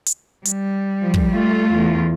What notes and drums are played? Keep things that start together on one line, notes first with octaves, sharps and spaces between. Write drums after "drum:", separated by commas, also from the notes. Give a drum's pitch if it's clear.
drum: hi-hat
G3, drum: hi-hat
F3
drum: kick
A3 F4
E2